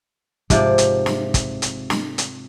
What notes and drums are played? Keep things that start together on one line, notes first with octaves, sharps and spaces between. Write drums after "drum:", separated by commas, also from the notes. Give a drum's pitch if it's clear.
G#2 C3 F3 D5, drum: kick, hi-hat
drum: hi-hat
drum: snare
drum: kick, hi-hat
drum: hi-hat
drum: snare
drum: hi-hat